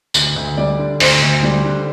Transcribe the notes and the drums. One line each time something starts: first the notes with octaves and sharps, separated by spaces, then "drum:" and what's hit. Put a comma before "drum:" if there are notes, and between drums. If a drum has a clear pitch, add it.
D2, drum: tambourine
D2
G3 D5
D3
D2 C5, drum: open hi-hat
D2
G3
D3